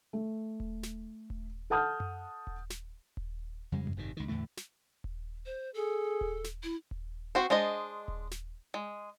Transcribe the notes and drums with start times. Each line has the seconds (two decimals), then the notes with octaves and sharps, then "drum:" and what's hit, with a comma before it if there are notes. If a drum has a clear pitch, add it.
0.13 A3
0.60 drum: kick D#1
0.83 drum: snare
1.30 drum: kick D#1
1.70 A4 F#5 A5 D#6 F6 G6
2.00 drum: tom F#2
2.47 drum: kick D#1
2.70 drum: snare
3.17 drum: kick D#1
3.72 F2 C#3 G3 G#3
3.87 drum: tom F#2
3.97 G#1 C3 D#3
4.17 C#2 D#3
4.29 E2 A2 D3 A3
4.57 drum: snare
5.04 drum: kick D#1
5.46 C5
5.74 G#4 A4
6.21 drum: kick D#1
6.44 drum: snare
6.63 E4
6.91 drum: kick D#1
7.35 C4 F#4 C5
7.50 G#3 D4 C5 D#5
8.08 drum: kick D#1
8.31 drum: snare
8.74 G#3